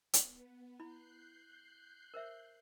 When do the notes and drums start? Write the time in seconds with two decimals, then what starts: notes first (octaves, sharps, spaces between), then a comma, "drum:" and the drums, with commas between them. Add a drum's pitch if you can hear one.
0.13 B3, drum: hi-hat
0.80 E4 B5 F#6 G6 C7
2.14 A#4 C5 E5